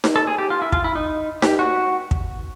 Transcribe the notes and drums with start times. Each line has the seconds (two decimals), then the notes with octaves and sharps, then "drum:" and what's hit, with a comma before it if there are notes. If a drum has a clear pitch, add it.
0.04 drum: snare D#4
0.16 A4
0.27 G#4
0.38 G4
0.50 F4
0.62 E4
0.72 F4, drum: kick
0.84 E4
0.95 D#4
1.42 G4, drum: snare D#4
1.59 F#4
2.11 drum: kick